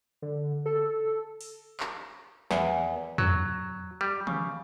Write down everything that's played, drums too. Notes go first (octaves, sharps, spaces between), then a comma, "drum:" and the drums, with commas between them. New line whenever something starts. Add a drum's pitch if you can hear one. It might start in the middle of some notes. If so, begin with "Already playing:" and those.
D3
A4
drum: open hi-hat
drum: clap
E2, drum: snare
F#3, drum: tom
G3
C#3, drum: tom